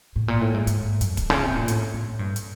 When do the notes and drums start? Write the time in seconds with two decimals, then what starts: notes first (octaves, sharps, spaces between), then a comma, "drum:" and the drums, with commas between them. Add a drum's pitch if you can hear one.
0.16 A2
0.28 A#2
0.41 A2
0.54 G#2
0.67 G#2, drum: hi-hat
1.01 F#2, drum: hi-hat
1.17 G2, drum: kick, hi-hat
1.30 C#3
1.43 C3
1.56 A#2
1.68 A2, drum: hi-hat
1.94 A2
2.19 G2
2.36 drum: hi-hat